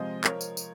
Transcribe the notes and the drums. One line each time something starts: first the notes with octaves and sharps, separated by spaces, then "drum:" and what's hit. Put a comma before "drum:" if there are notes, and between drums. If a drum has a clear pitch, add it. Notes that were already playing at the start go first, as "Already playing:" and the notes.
Already playing: C3 F3 G#3 C5 D#5
F3 A#4 C#5, drum: clap
drum: tambourine
drum: tambourine